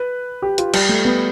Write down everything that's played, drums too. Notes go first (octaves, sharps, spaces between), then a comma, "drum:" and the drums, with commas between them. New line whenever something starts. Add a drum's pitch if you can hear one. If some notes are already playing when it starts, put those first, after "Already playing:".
Already playing: B4
G4
F4, drum: hi-hat
G3, drum: cymbal
A3
B3